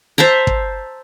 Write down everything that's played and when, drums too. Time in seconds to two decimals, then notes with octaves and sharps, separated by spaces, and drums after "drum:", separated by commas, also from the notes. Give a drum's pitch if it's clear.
0.18 C5 E5 A5 A#5
0.47 drum: kick